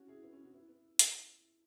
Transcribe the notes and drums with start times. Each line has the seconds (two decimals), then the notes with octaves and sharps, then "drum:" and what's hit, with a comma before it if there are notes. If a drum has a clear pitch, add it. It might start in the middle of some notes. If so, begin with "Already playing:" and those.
Already playing: C#4 F#4
0.08 E4 G#4
0.23 B3 E4
0.33 C#4 F#4
0.43 C#4 F#4
0.53 B3 E4
0.69 B3
0.99 drum: hi-hat